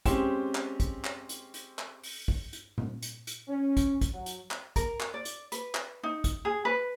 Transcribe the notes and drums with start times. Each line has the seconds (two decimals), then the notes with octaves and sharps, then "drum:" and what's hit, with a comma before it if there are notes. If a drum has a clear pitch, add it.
0.06 G#3 C4 C#4 G4 E7, drum: kick, hi-hat
0.55 drum: clap
0.80 drum: kick, hi-hat
1.05 drum: clap
1.29 drum: hi-hat
1.54 drum: hi-hat
1.79 drum: clap
2.03 drum: open hi-hat
2.28 drum: kick
2.53 drum: hi-hat
2.78 drum: tom A#2
3.02 drum: hi-hat
3.27 drum: hi-hat
3.49 C#4
3.77 drum: kick, hi-hat
4.01 drum: kick, hi-hat
4.13 F#3
4.26 drum: hi-hat
4.51 drum: clap
4.76 A#4, drum: kick, hi-hat
5.00 drum: clap
5.14 D5
5.25 drum: hi-hat
5.52 B4, drum: hi-hat
5.75 drum: clap
6.03 D#4
6.24 drum: kick, hi-hat
6.45 G#4
6.65 B4